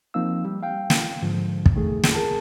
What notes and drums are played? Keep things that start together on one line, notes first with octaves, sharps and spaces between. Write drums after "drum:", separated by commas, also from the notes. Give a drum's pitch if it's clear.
F3 A#3 C4 D#4 F5 E6
G3
F5 G5
drum: snare
G#2 D3 F3
drum: kick
D#3 A3 G#4
drum: snare
G#4 A#4 A5